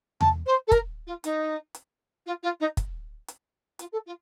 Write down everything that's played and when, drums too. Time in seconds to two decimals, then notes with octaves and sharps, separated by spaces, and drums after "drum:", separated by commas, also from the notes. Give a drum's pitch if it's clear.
0.21 A5, drum: tom E2
0.46 C5
0.67 A4
0.71 A#4, drum: kick, hi-hat
1.07 F4
1.24 D#4, drum: hi-hat
1.75 drum: hi-hat
2.26 F4
2.43 F4
2.60 D#4
2.77 drum: kick, hi-hat
3.28 drum: hi-hat
3.79 F4, drum: hi-hat
3.92 A4
4.06 F4